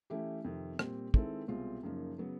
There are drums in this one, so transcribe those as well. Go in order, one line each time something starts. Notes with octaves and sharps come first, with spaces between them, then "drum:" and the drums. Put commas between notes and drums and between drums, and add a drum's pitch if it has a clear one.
E3 A3 C#4 E4 G4
F2 C3 D#3
A#2 G3 C4, drum: rim click
D#3 G#3 C4 E4 A4, drum: kick
C2 B2 G#3 C4 F4
F#2 C#3 F3 A#3 D#4
C#3 F#3 B3